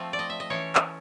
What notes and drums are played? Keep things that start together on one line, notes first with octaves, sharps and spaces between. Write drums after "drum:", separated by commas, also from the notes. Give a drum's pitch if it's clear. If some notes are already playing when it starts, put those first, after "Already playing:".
Already playing: F3 A3 C4
D5
D#5
E5
D#5
E3 A3 C#4 C#5
drum: clap